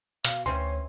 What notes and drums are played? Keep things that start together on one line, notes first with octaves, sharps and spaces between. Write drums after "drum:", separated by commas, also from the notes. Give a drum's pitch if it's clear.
B2 F5, drum: hi-hat
D2 E3 C4 C#4 C#5 C6